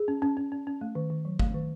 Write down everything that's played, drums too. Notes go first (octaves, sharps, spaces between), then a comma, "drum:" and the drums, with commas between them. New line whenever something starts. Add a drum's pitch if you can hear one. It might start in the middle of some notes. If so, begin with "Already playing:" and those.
Already playing: G#4
C#4
C#4
C#4
C#4
C#4
A3
D#3
D#3
F#3
A3, drum: kick
D#3